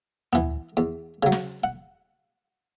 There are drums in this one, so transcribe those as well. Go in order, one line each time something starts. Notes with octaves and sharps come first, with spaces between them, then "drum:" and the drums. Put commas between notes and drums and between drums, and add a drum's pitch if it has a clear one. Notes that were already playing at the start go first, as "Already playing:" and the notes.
E3 B3, drum: tom
E2
C#3 F#3
drum: snare
F#5